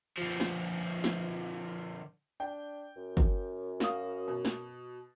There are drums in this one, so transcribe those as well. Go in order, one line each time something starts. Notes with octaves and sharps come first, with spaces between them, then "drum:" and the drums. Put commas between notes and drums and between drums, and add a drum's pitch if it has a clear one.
D3 F3
drum: snare
drum: snare
D4 G5
F#2
drum: kick
F#4 F5 D#6, drum: snare
B2
drum: snare